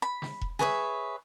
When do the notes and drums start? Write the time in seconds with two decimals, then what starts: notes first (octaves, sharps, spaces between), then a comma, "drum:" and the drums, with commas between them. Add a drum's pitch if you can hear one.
0.02 B5
0.22 drum: snare
0.41 drum: kick E1
0.59 G#4 B4 C#5 E5, drum: snare